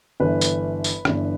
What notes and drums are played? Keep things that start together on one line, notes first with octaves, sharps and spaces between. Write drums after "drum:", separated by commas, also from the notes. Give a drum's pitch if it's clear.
G1 G2 E3 B4
drum: tambourine
drum: tambourine
G1 G2 E3, drum: rim click